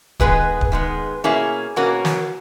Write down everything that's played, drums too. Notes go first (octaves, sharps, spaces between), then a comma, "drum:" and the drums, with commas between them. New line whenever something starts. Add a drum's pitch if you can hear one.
D#3 G#3 B3 G#4 B4, drum: kick
drum: kick
D#3 G#3 B3
B2 A#3 C#4 E4 G#4
B2 A#3 C#4 F#4 A#4
drum: snare